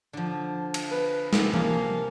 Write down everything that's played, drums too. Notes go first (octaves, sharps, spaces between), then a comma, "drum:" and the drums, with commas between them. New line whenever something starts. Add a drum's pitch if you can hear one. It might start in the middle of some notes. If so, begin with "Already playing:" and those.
D3 F3
drum: cymbal
B4
C3 C4, drum: snare
F3 A#3 G#4, drum: tom E3